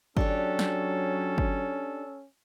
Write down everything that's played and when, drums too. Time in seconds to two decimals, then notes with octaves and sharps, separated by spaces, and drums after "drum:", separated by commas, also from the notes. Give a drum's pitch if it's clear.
0.17 F#3 C#4 D4 G4 A4 C#5, drum: kick G1
0.59 drum: snare
1.38 drum: kick G1